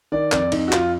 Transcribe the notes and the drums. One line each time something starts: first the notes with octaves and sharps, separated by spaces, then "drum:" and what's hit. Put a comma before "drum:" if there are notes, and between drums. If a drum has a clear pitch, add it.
D#3 D5
F2 D5, drum: clap
F2 D#4, drum: cymbal
F#4
F2 F4, drum: clap